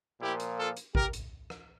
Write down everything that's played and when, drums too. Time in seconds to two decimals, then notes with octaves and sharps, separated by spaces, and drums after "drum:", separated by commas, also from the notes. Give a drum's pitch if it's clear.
0.21 A#2 F3 A#3 E4 G4
0.40 drum: hi-hat
0.58 F4 A4
0.77 drum: hi-hat
0.95 G4 A#4, drum: kick G#1
1.13 drum: hi-hat
1.50 drum: rim click